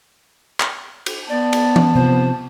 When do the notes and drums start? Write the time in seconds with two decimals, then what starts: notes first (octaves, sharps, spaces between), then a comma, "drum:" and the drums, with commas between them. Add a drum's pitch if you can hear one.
0.60 drum: clap
1.06 drum: cymbal
1.30 B3 D5 A5
1.53 drum: cymbal
1.76 drum: tom E3
1.95 C3 F3 C5